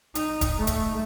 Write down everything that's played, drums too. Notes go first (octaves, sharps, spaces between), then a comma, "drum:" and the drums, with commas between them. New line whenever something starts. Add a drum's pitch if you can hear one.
D#4, drum: hi-hat
drum: kick E1, hi-hat
A3
drum: kick E1, hi-hat